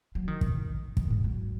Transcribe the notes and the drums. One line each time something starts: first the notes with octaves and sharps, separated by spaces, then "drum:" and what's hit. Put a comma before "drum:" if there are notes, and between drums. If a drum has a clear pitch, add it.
F#3
D#3
B2, drum: kick
A#2, drum: kick
G#2
F#3